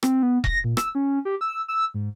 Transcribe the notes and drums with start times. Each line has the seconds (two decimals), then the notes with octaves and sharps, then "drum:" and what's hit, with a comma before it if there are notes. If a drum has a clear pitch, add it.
0.03 C4, drum: rim click
0.23 B3
0.44 A#6, drum: kick E1
0.64 A#2
0.77 E6, drum: rim click
0.95 C#4
1.25 G4
1.41 E6
1.68 E6
1.94 G#2